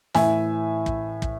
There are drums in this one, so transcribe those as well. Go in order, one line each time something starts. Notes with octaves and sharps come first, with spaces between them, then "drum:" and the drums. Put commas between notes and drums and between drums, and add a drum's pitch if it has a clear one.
A2 E3 E5 G#5, drum: snare
drum: kick
drum: kick